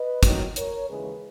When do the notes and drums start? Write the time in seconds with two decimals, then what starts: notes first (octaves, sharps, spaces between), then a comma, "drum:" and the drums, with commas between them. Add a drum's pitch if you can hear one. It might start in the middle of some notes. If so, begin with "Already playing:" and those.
Already playing: B4 D#5
0.23 D#2 D#3 F#3, drum: kick, hi-hat
0.56 A#4 C#5, drum: hi-hat
0.89 D#2 C#3 E3 G#3 G#4 B4